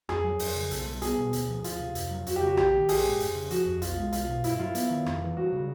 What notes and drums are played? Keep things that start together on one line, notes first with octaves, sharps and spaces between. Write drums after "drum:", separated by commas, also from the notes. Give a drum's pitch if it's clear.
F2 G#4, drum: rim click
F#3
F2, drum: open hi-hat
C#3
B1 A4, drum: hi-hat
G3
B3 G#4, drum: hi-hat
B2
D2, drum: hi-hat
F3
D2 F4, drum: hi-hat
C3
F2, drum: hi-hat
F#3
F2 F#4, drum: hi-hat
G4
C#3
F#4
A#1 G4, drum: rim click
D#3
A#1 G#4, drum: open hi-hat
G#2
F1, drum: hi-hat
C#3
F3 F#4, drum: hi-hat
F2
B1 F4, drum: hi-hat
G#3
B1 F4, drum: hi-hat
B2
G2 E4, drum: hi-hat
F#3 F4
B3, drum: hi-hat
D#3
F2, drum: rim click
E3
G3 F#4
C#3